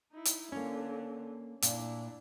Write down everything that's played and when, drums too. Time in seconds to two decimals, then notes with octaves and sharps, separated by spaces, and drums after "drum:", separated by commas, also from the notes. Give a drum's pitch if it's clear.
0.12 D#4 E4
0.25 drum: hi-hat
0.52 D3 A#3 C#4 C#5
1.62 A#2 D4 E4, drum: hi-hat